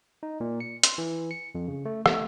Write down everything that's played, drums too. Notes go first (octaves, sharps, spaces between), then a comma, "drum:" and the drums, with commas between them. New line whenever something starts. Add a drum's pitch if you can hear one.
D#4
A#2
C#7
C6, drum: hi-hat
E3
C#7
F2
C#3
A3
A3, drum: rim click